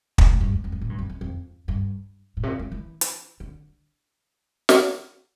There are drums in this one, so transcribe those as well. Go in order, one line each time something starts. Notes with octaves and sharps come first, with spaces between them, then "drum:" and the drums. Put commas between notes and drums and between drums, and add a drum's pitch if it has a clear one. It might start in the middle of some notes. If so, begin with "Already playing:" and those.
drum: kick
A2
G2
E2
F2
G2
A2
G2
F2
E2
F2
G2
A2
C3
A#2
C3
E3
drum: hi-hat
D3
drum: snare